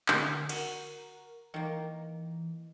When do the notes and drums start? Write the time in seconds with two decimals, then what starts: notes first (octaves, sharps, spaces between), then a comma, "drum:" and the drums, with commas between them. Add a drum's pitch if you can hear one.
0.08 D3, drum: clap
0.49 F#4 A#4, drum: cymbal
1.54 D#3 E3 A#3